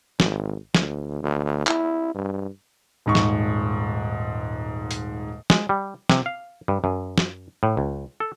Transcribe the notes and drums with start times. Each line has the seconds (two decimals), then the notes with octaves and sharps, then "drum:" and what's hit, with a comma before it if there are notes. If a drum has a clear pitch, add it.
0.20 G#1, drum: snare
0.75 D2, drum: snare
1.22 D2
1.67 E4, drum: clap
2.14 G2
3.06 D#1 G#2 C#6
3.15 drum: snare
4.91 drum: hi-hat
5.50 G#3, drum: snare
5.69 G3
6.10 C3, drum: snare
6.26 F5
6.68 G2
6.84 F#2
7.18 drum: snare
7.63 A2
7.77 C#2
8.20 A4